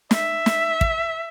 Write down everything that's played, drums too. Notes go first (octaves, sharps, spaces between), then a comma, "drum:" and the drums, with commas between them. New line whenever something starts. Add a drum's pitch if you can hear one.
E5, drum: snare
drum: snare
drum: kick